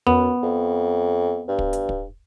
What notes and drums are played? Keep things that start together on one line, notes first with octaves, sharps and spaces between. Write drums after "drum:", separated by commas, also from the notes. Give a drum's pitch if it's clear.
F#2 B3, drum: tom E2
F2
G2
drum: kick
drum: hi-hat
drum: kick